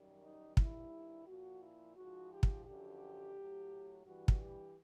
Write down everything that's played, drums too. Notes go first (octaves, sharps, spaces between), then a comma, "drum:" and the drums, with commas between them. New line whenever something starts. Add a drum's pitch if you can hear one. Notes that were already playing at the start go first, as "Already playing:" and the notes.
Already playing: F#2 D#3 G3
D#4
G2 D#3 G3 E4, drum: kick
A#2 F3 F#4
E4
G#2 F3 F#4
G4
drum: kick
F#2 D3 F3 G4
A2 F#3
G2 E3 G3 F#4
drum: kick
G4